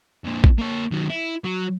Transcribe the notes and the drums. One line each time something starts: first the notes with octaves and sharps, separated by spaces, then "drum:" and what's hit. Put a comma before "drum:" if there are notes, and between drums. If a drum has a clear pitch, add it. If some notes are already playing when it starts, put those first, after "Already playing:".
F2 A#2
drum: kick A1
A#3 C#5
D#3 F#3
E4
F#3